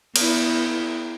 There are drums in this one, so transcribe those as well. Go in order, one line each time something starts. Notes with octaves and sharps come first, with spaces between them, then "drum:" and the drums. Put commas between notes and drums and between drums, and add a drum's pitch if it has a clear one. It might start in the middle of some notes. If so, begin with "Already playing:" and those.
B3 E4, drum: cymbal